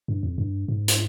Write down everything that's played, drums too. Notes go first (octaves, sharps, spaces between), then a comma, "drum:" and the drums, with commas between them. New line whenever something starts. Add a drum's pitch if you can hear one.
G2
F2
G2
G#2
drum: hi-hat